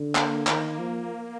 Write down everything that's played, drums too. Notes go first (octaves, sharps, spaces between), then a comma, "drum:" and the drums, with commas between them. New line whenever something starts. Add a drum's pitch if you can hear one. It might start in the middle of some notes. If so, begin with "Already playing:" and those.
Already playing: D3
A#3, drum: clap
D#3, drum: clap
F3